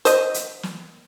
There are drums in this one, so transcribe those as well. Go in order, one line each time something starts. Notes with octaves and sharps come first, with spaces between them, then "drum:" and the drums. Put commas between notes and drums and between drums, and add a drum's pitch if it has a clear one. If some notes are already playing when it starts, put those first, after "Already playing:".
C5 D#5, drum: hi-hat
drum: hi-hat
drum: snare